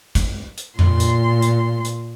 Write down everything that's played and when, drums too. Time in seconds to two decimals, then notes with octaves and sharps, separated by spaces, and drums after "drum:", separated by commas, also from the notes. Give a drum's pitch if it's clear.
0.15 drum: kick, hi-hat
0.58 drum: hi-hat
0.79 A#2 C6, drum: tom F2
1.00 drum: hi-hat
1.42 drum: hi-hat
1.85 drum: hi-hat